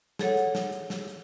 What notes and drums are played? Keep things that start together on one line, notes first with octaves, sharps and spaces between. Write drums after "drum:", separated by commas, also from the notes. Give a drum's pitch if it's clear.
G#4 A4 C#5 F#5, drum: snare
drum: hi-hat
drum: snare
drum: hi-hat
drum: snare
drum: hi-hat